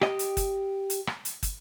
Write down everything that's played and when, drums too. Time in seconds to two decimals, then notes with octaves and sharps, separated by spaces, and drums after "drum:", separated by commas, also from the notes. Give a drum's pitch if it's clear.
0.01 G4 D#5, drum: rim click
0.19 drum: hi-hat
0.37 drum: kick, hi-hat
0.90 drum: hi-hat
1.07 drum: rim click
1.25 drum: hi-hat
1.43 drum: kick, hi-hat